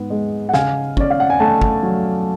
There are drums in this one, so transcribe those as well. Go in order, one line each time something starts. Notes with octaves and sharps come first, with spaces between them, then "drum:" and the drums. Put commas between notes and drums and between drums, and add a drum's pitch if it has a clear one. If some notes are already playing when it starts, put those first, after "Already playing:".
Already playing: G#2 B3
G#3
F#5
C#3 F5 G#5, drum: snare
C#4 D5, drum: kick
F5
F#5
G#5
A3 F#5 A5
drum: kick
F#3